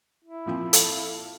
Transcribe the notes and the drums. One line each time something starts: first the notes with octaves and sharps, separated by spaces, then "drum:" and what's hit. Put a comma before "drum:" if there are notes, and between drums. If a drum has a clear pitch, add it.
E4
A#2 F3 C4
A4 F5, drum: hi-hat